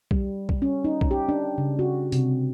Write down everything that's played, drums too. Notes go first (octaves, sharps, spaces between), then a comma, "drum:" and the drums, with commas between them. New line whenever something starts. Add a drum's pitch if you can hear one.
G3, drum: kick B1
drum: kick B1
C#4
D#4
drum: kick B1
G4
D4
C#3
F#4
C3, drum: hi-hat